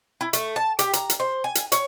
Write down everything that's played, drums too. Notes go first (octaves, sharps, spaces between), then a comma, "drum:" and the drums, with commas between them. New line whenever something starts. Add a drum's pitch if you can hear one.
E4
A3, drum: hi-hat
A5
G4, drum: hi-hat
A#5, drum: hi-hat
drum: hi-hat
C5
G#5
drum: hi-hat
C#5, drum: hi-hat